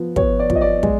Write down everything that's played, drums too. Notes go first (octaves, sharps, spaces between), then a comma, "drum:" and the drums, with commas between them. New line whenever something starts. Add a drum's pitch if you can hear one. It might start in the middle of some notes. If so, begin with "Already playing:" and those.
Already playing: F3 B3
B3 C#5, drum: kick
D5
F3, drum: kick
D#5
D5
G#3, drum: kick